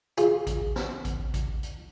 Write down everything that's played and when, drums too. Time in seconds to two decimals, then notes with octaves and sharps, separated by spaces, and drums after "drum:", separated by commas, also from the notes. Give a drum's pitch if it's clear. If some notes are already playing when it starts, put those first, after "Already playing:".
0.18 F4 G#4, drum: hi-hat
0.47 drum: kick A1, hi-hat
0.76 drum: snare
1.05 drum: kick A1, hi-hat
1.34 drum: kick A1, hi-hat
1.63 drum: hi-hat